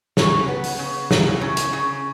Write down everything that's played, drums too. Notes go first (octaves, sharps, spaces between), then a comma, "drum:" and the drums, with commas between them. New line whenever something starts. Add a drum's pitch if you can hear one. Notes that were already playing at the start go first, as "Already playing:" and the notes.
C#3, drum: snare
B3
drum: open hi-hat
C#3
E2, drum: snare
C#3
drum: hi-hat
C#3